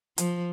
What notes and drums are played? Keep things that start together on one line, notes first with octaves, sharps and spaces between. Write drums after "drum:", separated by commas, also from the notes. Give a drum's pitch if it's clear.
F3, drum: hi-hat